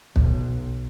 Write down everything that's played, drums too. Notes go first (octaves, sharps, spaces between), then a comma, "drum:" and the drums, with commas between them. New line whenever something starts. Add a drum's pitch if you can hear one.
B1, drum: kick